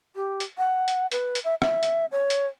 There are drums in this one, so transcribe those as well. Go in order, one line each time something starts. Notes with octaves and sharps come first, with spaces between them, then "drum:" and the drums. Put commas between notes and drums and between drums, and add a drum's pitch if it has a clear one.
G4
drum: hi-hat
F#5
drum: hi-hat
B4, drum: hi-hat
drum: hi-hat
E5
E5, drum: rim click
drum: hi-hat
C#5
drum: hi-hat